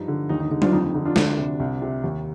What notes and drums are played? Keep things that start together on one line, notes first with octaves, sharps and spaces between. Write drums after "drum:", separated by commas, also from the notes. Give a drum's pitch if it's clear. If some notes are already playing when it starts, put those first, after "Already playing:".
Already playing: G2 F3 D#4
D3
D#2 D#4
D#4
D3 D#4
D4 F4, drum: tom F#3
F2 D#4
D#4
D3 D#4
D4 F4
D2 D4 F4, drum: snare
C3
C2
C3
D#2